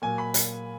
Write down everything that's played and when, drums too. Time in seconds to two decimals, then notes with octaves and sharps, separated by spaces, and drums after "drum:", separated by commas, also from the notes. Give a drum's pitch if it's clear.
0.02 A#2 F#3 A#3 G#5
0.18 B5
0.34 drum: hi-hat